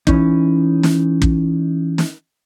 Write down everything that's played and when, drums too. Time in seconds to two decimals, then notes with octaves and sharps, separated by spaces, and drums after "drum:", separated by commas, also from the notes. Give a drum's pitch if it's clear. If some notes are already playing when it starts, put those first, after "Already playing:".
0.07 E3 C#4 D#4, drum: kick
0.83 drum: snare
1.22 drum: kick
1.98 drum: snare